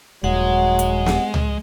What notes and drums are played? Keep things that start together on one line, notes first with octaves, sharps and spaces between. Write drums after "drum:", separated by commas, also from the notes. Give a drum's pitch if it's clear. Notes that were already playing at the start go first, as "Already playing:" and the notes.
D#1 F#3 G#3 F#5
drum: hi-hat
drum: snare
drum: tom C#2